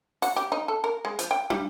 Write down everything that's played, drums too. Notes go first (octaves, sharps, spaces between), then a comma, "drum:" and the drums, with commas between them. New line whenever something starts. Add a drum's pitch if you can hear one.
F#4, drum: open hi-hat
G4
D#4
A4
A#4
G#3
F3, drum: hi-hat
G5
G3, drum: tom